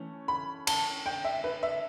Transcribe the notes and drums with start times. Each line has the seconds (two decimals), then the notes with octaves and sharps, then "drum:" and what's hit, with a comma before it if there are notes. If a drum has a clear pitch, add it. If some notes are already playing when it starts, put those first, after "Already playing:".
Already playing: E3 A3 C#4
0.28 B5
0.67 A5, drum: cymbal
1.06 G5
1.24 E5
1.44 B4
1.63 E5